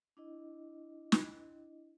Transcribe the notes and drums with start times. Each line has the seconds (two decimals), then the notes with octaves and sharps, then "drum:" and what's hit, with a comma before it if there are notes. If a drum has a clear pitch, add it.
0.17 D4 E4 D#5
1.12 drum: snare